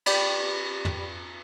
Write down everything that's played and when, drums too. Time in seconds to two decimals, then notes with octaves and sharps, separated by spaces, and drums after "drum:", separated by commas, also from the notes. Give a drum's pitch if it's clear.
0.06 G4 D5 B5, drum: cymbal
0.85 drum: tom